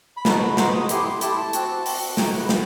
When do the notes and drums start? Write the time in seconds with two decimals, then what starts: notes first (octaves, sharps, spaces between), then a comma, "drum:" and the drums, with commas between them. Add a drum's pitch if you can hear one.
0.17 B5
0.25 B3 D#4 F#4 A5, drum: snare
0.41 B5
0.57 B3 D#4 F#4 C6, drum: snare
0.74 D#6
0.89 A3 E4 G4 C6, drum: hi-hat
1.05 C6
1.21 A3 E4 G4 A5, drum: hi-hat
1.38 A5
1.53 C4 F#4, drum: hi-hat
1.86 C4 F#4, drum: open hi-hat
2.17 A3 D#4 F#4 G5, drum: snare
2.28 F#5
2.39 B4
2.49 F#4, drum: snare